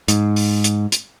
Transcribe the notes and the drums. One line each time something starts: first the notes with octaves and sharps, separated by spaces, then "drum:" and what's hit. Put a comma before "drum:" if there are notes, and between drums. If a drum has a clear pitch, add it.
G#2, drum: hi-hat
drum: open hi-hat
drum: hi-hat
drum: hi-hat